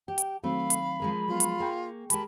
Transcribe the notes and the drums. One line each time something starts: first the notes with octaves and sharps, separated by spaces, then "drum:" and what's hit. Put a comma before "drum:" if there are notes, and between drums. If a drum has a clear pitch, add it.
G4 G5
drum: hi-hat
D#3 F#3 A3 C4 F5 B5
drum: hi-hat
F3 G#3 A#4
F#3 B3 F4
drum: hi-hat
A#3 G#4 G5 C#6
G#3 G4 A#4 A5 B5, drum: hi-hat